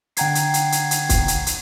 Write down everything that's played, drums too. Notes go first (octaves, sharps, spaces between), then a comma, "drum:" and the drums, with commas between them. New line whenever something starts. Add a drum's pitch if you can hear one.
D3 F#5 G5 A#5 G#6 C7, drum: hi-hat
drum: hi-hat
drum: hi-hat
drum: hi-hat
drum: hi-hat
drum: kick, hi-hat
drum: hi-hat
drum: hi-hat